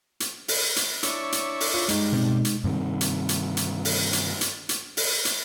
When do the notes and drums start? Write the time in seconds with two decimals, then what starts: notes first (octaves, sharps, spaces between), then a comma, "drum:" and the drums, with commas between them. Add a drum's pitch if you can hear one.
0.20 drum: hi-hat
0.48 drum: open hi-hat
0.76 drum: hi-hat
1.03 D4 E4 C#5, drum: hi-hat
1.32 drum: hi-hat
1.60 drum: open hi-hat
1.74 F4
1.89 G2 G#3 D#4, drum: hi-hat
2.12 B2 C4
2.45 drum: hi-hat
2.64 G2 C3 D#3
3.01 drum: hi-hat
3.29 drum: hi-hat
3.57 drum: hi-hat
3.85 drum: open hi-hat
4.13 drum: hi-hat
4.41 drum: hi-hat
4.69 drum: hi-hat
4.97 drum: open hi-hat
5.25 drum: hi-hat